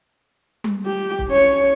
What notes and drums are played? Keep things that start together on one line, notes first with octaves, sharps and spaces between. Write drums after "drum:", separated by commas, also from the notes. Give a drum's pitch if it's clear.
drum: tom G3
G4
drum: kick
C#4 C#5